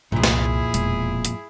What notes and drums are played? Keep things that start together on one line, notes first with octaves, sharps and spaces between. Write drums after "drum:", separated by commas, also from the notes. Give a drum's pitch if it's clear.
C2 F2 A#2 E4 G#4
drum: snare
E1, drum: hi-hat
drum: hi-hat